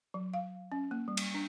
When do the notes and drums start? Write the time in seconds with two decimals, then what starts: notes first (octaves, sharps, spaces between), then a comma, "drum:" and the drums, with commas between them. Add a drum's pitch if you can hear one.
0.14 F#3
0.34 F5
0.72 C#4
0.91 A#3
1.08 G3
1.17 drum: cymbal
1.34 D4